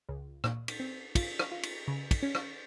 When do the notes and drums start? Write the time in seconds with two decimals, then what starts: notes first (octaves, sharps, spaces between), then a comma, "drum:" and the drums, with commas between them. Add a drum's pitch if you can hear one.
0.09 C#2
0.44 A#2, drum: rim click
0.68 drum: cymbal
0.80 C4
1.15 F4, drum: kick, cymbal
1.39 drum: rim click
1.52 F4
1.63 drum: cymbal
1.88 C#3
2.11 drum: kick, cymbal
2.23 C#4
2.35 drum: rim click